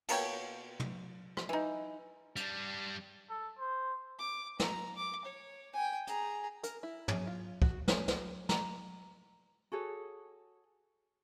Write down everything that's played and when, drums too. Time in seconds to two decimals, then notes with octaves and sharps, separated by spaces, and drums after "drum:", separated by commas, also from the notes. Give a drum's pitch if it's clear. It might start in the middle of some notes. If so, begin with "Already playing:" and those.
0.09 B2 A#3 C#5 G5, drum: cymbal
0.80 drum: tom
1.37 drum: rim click
1.49 E3 D#4
2.36 G3 D4, drum: hi-hat
3.29 A4
3.59 C5
4.19 D6
4.60 A#5, drum: snare
4.96 D6
5.25 C#5
5.73 G5 G#5
6.07 G#4 A#5, drum: hi-hat
6.63 A#4, drum: hi-hat
6.83 E4
7.08 C#4, drum: tom
7.27 F4
7.62 F#4, drum: kick
7.88 C#4, drum: snare
8.08 A#3, drum: snare
8.49 A#5, drum: snare
9.72 F#4 G#4 A4 C#5